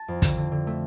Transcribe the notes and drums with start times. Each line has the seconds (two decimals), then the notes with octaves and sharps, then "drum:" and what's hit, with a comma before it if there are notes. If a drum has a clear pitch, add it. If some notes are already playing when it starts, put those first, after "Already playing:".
Already playing: A5
0.08 F2
0.22 D3, drum: kick, hi-hat
0.37 D3
0.52 D3
0.67 A3